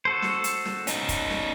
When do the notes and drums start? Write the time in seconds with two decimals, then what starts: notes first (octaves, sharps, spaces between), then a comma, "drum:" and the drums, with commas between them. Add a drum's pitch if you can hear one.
0.05 F#4 A4 C5
0.22 drum: snare
0.44 drum: hi-hat
0.65 drum: snare
0.87 C#4 D#4, drum: hi-hat
1.09 drum: kick, hi-hat
1.30 drum: snare